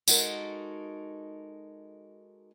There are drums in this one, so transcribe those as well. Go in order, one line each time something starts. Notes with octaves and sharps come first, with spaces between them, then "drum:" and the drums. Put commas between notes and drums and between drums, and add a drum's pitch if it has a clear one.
G#3 D#4 F#4 A4 A#4, drum: tambourine